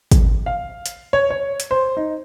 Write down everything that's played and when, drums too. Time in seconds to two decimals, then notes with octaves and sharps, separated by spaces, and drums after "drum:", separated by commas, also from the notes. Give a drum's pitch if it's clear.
0.12 drum: kick, hi-hat
0.46 F5
0.86 drum: hi-hat
1.13 C#5
1.30 C#5
1.60 drum: hi-hat
1.71 C5
1.97 D#4